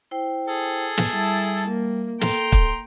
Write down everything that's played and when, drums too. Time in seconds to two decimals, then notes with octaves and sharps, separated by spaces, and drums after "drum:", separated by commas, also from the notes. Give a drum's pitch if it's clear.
0.11 E4 C5 G5
0.47 G#4 A4
0.97 drum: snare
1.13 G3 E4 A5
1.67 A#3
2.21 A4 G5 A#5 C6, drum: snare
2.52 drum: kick